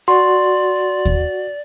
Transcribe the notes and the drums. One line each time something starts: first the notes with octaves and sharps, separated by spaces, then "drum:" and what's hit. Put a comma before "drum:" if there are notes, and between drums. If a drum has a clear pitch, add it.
F#4 D5 C6
drum: kick D#2